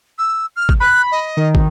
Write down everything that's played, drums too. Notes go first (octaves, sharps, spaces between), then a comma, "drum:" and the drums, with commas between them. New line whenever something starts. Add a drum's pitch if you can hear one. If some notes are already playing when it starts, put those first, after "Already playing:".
E6
F6
drum: kick
B5 F#6
D#5
D#3
drum: kick